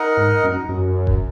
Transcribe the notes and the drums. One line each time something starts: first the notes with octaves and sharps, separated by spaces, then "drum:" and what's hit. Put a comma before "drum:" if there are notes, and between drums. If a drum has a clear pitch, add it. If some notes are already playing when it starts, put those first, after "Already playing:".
Already playing: D#4 A#4 D#5 F#5
G#2
F#2
F#2
drum: kick D#1